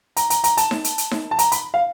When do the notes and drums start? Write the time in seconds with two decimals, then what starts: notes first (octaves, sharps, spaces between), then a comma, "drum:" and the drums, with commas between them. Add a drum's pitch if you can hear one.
0.17 A#5, drum: hi-hat
0.30 A#5, drum: hi-hat
0.44 A#5, drum: hi-hat
0.57 A5, drum: hi-hat
0.71 drum: snare D#4
0.84 drum: hi-hat
0.98 drum: hi-hat
1.11 drum: snare D#4
1.31 A5
1.39 A#5, drum: hi-hat
1.52 B5, drum: hi-hat
1.74 F5